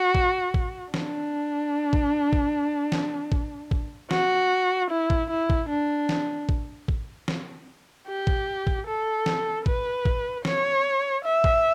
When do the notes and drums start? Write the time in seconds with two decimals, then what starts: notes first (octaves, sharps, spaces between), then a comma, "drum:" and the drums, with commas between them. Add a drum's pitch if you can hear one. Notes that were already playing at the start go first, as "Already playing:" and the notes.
Already playing: F#4
0.15 drum: kick A1
0.54 drum: kick A1
0.94 D4, drum: snare
1.93 drum: kick A1
2.33 drum: kick A1
2.92 drum: snare
3.32 drum: kick A1
3.71 drum: kick A1
4.11 F#4, drum: snare
4.90 E4
5.10 drum: kick A1
5.30 E4
5.50 drum: kick A1
5.69 D4
6.09 drum: snare
6.49 drum: kick A1
6.88 drum: kick A1
7.28 drum: snare
8.08 G4
8.27 drum: kick A1
8.67 drum: kick A1
8.87 A4
9.26 drum: snare
9.66 B4, drum: kick A1
10.05 drum: kick A1
10.45 C#5, drum: snare
11.25 E5
11.44 drum: kick A1